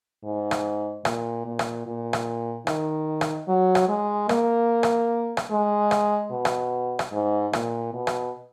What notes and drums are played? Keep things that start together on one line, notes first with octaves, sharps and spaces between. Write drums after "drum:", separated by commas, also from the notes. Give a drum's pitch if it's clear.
G#2
drum: rim click
A#2, drum: rim click
A#2
drum: rim click
A#2
drum: rim click
D#3, drum: rim click
drum: rim click
F#3
drum: rim click
G#3
A#3, drum: rim click
drum: rim click
drum: rim click
G#3
drum: rim click
B2
drum: rim click
drum: rim click
G#2
A#2, drum: rim click
B2
drum: rim click